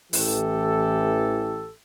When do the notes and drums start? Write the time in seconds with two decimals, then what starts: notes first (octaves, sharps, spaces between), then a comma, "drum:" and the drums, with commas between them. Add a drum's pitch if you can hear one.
0.13 A1 E3 G4 A4, drum: open hi-hat